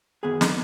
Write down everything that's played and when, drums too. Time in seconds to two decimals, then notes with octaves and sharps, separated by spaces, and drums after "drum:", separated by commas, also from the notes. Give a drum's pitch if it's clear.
0.23 F#2 D#3 B3 G#4 G#5
0.41 drum: snare